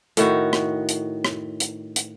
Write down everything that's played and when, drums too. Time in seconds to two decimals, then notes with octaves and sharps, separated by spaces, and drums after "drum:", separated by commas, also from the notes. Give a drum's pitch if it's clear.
0.17 A2 D#3 F#4, drum: hi-hat
0.53 drum: rim click
0.89 drum: hi-hat
1.25 drum: rim click
1.60 drum: hi-hat
1.96 drum: hi-hat